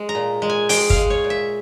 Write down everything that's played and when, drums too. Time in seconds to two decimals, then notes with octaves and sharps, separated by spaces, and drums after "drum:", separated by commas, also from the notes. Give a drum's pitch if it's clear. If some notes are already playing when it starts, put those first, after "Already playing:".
Already playing: G#3
0.09 A#5
0.15 A#2
0.42 G#3
0.50 G#5
0.69 G#3 G5, drum: open hi-hat
0.90 F5, drum: kick
0.96 G#3
1.10 C#5
1.24 A#2
1.30 E5